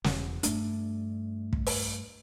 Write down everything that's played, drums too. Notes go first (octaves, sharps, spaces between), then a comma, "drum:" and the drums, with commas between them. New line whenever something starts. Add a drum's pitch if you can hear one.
E1, drum: snare
G2 A3 D4, drum: hi-hat
drum: kick
drum: open hi-hat